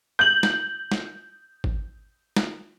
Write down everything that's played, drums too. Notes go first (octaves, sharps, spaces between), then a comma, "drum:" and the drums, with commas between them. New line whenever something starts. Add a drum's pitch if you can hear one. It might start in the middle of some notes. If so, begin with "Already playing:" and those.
G6 F#7
drum: snare
drum: snare
drum: kick G#1
drum: snare